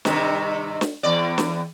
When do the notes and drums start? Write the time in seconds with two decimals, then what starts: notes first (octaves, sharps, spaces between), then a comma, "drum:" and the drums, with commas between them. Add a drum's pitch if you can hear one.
0.05 G2 C3 D#3, drum: snare
0.81 drum: snare
1.03 E2 D5
1.38 drum: snare